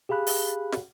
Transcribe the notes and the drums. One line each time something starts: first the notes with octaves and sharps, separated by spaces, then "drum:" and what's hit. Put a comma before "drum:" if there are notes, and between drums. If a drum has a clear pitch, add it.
G4 G#4 F5 B5 F#6
drum: open hi-hat
drum: snare